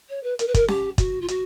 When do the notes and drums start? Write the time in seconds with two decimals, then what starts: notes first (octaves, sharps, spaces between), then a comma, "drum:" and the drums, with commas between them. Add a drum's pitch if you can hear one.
0.09 C#5
0.23 B4
0.39 A#4, drum: hi-hat
0.47 B4
0.54 A#4, drum: kick, hi-hat
0.68 G4, drum: snare C#4
0.98 F#4, drum: kick, hi-hat
1.21 F4
1.28 F#4, drum: hi-hat